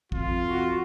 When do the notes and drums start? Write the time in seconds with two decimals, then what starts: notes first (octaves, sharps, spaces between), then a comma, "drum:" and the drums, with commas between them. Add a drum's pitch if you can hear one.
0.12 F2 F4, drum: kick
0.46 F#4